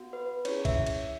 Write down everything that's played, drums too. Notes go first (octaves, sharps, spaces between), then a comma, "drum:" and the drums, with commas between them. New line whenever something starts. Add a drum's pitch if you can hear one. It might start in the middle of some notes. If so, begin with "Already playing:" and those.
Already playing: B3 F#4
B4
C#4 E4 G#4 C#5, drum: cymbal
E5, drum: kick, cymbal
drum: cymbal